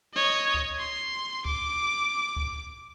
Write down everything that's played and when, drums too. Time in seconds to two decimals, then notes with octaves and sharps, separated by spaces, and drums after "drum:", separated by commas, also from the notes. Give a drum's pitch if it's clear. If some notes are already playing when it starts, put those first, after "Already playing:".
0.14 C#5 D#5
0.54 drum: kick C#2
0.79 C6
1.45 D6, drum: kick C#2
2.36 drum: kick C#2